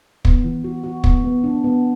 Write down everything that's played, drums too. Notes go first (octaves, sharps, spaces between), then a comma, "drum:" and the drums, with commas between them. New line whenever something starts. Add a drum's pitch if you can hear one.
B3, drum: kick
E3
F#4
F#4
B3, drum: kick
B3
D4
B3